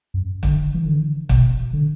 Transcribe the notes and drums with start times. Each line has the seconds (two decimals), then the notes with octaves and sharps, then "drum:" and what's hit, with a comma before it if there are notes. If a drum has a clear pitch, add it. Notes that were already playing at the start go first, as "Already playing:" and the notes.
0.14 F#2
0.43 D3, drum: kick
0.75 E3
0.86 D3
1.29 B2, drum: kick
1.73 D3